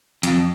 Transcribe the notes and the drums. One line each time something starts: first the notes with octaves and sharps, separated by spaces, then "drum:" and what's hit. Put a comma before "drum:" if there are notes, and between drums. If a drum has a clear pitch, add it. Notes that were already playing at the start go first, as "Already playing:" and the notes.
F2, drum: hi-hat